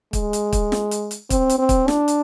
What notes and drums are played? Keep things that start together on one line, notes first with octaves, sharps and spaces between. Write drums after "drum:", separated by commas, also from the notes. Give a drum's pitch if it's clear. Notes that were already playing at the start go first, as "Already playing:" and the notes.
G#3, drum: kick, hi-hat
drum: hi-hat
drum: kick, hi-hat
drum: snare
drum: hi-hat
drum: hi-hat
C4, drum: kick, hi-hat
drum: hi-hat
C4
drum: kick, hi-hat
D4, drum: snare
drum: hi-hat